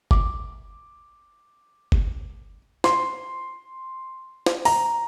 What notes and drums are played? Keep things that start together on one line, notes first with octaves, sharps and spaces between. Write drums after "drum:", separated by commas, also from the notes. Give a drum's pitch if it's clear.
D6, drum: kick F#1
drum: kick F#1
C6, drum: snare
drum: snare
A#5, drum: open hi-hat